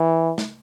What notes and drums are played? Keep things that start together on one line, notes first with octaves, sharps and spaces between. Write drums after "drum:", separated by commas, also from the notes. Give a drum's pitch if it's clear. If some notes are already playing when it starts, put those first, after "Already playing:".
Already playing: E3
drum: snare